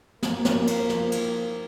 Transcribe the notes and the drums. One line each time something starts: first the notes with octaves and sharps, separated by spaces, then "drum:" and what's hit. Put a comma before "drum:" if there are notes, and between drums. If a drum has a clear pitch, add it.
F3 A#3, drum: snare
drum: snare
drum: cymbal
drum: snare
drum: cymbal